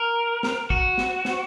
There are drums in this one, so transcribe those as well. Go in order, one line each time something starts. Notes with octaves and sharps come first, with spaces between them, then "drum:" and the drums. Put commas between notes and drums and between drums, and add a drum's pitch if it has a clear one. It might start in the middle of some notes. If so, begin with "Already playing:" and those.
Already playing: A#4
drum: snare
F#4, drum: kick
drum: snare
drum: snare